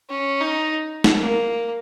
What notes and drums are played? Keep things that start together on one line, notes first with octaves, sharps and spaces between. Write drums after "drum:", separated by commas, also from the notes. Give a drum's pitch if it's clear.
C#4
D#4
drum: snare
A#3